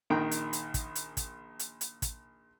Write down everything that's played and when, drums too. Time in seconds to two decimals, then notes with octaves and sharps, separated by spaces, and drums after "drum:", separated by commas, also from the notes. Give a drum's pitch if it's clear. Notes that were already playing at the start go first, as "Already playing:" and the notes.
0.10 A#1 D#3 G5 A#5
0.31 drum: hi-hat
0.53 drum: hi-hat
0.74 drum: kick, hi-hat
0.95 drum: hi-hat
1.17 drum: kick, hi-hat
1.59 drum: hi-hat
1.81 drum: hi-hat
2.02 drum: kick, hi-hat